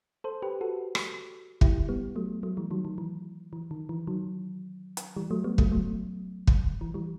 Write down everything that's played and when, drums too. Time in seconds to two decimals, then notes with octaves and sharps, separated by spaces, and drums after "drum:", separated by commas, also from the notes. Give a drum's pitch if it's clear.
0.24 A4 C5
0.42 G4 B4
0.61 F#4 A4
0.95 drum: rim click
1.61 E4 G4, drum: kick
1.89 G3 B3
2.16 F#3 A3
2.43 F#3 A3
2.57 E3 G3
2.71 D#3 F#3
2.85 D#3
2.98 E3
3.53 E3
3.71 D#3
3.89 E3
4.07 D#3 F#3
4.97 drum: hi-hat
5.17 E3 G3
5.31 F#3 A3
5.44 G3 B3
5.58 F#3 A3, drum: kick
5.72 F#3 A3
6.47 drum: kick
6.81 E3
6.94 E3 G3